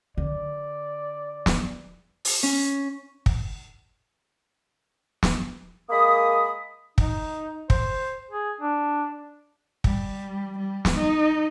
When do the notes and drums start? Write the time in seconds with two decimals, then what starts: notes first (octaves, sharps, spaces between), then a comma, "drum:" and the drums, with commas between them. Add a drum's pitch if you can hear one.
0.17 D3 D5
1.46 drum: snare
2.25 drum: open hi-hat
2.43 C#4
3.26 drum: kick
5.23 drum: snare
5.90 G#3 A#3 B5 D#6
6.98 D#4, drum: kick
7.70 C5, drum: kick
8.31 G#4
8.61 D4
9.84 G3, drum: kick
10.58 G3
10.85 drum: snare
10.94 D#4